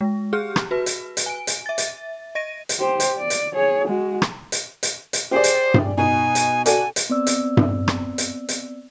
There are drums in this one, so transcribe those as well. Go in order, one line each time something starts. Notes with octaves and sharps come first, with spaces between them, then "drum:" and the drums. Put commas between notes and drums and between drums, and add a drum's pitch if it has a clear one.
G#3
G4 G#4 F6
drum: rim click
F#4 B4
drum: hi-hat
drum: hi-hat
G#5 D7
drum: hi-hat
E5 A6
drum: hi-hat
D#5 A#6 D#7
drum: hi-hat
G4 C5
drum: hi-hat
D5
drum: hi-hat
G#4 C#5
G#3 F#4
drum: rim click
drum: hi-hat
drum: hi-hat
drum: hi-hat
G4 G#4 C5 D5
drum: hi-hat
drum: tom G2
B2 D#4 G#5
drum: hi-hat
F#4 A4 D5 G#5, drum: hi-hat
drum: hi-hat
B3 C4 D5 E6
drum: hi-hat
drum: tom G2
drum: rim click
drum: hi-hat
drum: hi-hat